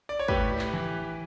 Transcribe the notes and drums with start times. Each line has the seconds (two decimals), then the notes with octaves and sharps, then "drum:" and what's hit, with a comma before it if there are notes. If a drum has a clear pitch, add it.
0.09 D5
0.19 C#5
0.28 A2 G4 B4, drum: kick
0.59 drum: clap
0.73 E3